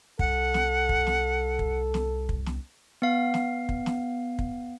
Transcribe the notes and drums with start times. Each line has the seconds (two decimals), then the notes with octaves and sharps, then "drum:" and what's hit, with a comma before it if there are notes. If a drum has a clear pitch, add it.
0.19 C2 A4 F#5, drum: kick
0.54 drum: snare
0.89 drum: kick
1.07 drum: snare
1.59 drum: kick
1.94 drum: snare
2.29 drum: kick
2.46 drum: snare
3.02 B3 F5
3.34 drum: snare
3.69 drum: kick
3.86 drum: snare
4.39 drum: kick